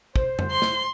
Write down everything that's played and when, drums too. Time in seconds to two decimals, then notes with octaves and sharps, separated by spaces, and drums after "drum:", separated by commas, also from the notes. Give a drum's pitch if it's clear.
0.16 C5, drum: kick
0.39 drum: tom F2
0.51 C6
0.62 drum: snare